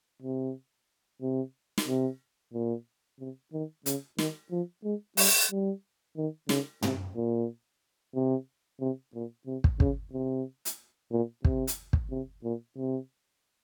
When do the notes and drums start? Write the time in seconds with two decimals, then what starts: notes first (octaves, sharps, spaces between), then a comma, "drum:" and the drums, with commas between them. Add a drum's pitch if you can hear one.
0.22 C3
1.22 C3
1.78 drum: snare
1.88 C3
2.54 A#2
3.20 C3
3.53 D#3
3.86 C#3, drum: hi-hat
4.18 D#3, drum: snare
4.51 F3
4.84 G#3
5.17 G3, drum: open hi-hat
5.51 G3
6.17 D#3
6.49 C#3, drum: snare
6.82 C3, drum: tom
7.16 A#2
8.15 C3
8.80 C3
9.14 A#2
9.47 C3
9.64 drum: kick
9.80 C#3, drum: kick
10.13 C3
10.65 drum: hi-hat
11.12 A#2
11.45 C3, drum: kick
11.67 drum: hi-hat
11.93 drum: kick
12.11 C3
12.44 A#2
12.77 C3